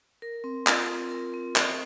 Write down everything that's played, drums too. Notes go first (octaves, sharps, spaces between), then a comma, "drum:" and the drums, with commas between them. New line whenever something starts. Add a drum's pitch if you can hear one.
A#4
C4
F4, drum: clap
C4
A#4
C4
D#5, drum: clap